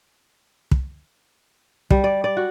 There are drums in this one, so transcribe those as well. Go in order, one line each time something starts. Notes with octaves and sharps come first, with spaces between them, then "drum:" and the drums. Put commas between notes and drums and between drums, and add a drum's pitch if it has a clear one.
drum: kick
G3, drum: kick
D5
D5
F#4